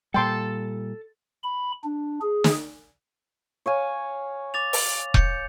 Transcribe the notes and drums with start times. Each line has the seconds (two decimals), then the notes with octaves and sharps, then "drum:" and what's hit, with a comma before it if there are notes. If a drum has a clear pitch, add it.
0.14 A#2 G3 A4 G5 A5 C6
1.43 B5
1.84 D4
2.22 G#4
2.44 drum: snare
3.66 C#5 F5 G#5
4.54 D6 A6 F7
4.73 drum: open hi-hat
5.14 G6 C#7, drum: kick E1